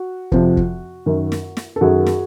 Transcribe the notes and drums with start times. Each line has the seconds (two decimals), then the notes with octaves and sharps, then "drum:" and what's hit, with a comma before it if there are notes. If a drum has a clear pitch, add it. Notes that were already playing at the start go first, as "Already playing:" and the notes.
Already playing: F#4
0.32 F2 C3 F3, drum: kick
0.57 drum: kick
1.06 F#2 D#3
1.32 drum: snare
1.57 drum: snare
1.76 A4
1.81 F#2 D#3 F#4 G#4
2.06 drum: snare